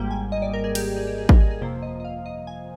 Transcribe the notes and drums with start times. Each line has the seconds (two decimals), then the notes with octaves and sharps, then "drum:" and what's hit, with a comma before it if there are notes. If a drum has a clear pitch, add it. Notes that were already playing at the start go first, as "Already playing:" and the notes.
Already playing: G#1 G#2 G3 A#3 G5
0.11 G#5
0.32 D#5
0.42 D5
0.53 A#4
0.64 G#4
0.75 G4, drum: cymbal
0.96 G#4
1.07 G4
1.18 G#4
1.29 A#4, drum: kick G#1
1.40 G#4
1.51 G#4
1.61 G1 F2 C3 F3 A#3 C5
1.82 D#5
2.00 D#5
2.05 F5
2.26 D#5
2.47 G#5